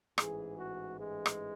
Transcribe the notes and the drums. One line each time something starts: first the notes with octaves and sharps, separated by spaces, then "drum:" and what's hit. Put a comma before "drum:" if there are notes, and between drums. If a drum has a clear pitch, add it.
A1 G#2 E3 G#4, drum: rim click
F#4
G#3
drum: rim click